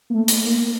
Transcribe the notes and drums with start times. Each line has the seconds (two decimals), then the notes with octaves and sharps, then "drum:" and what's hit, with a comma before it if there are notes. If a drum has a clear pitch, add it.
0.10 A#3
0.14 A3
0.28 drum: hi-hat
0.46 A#3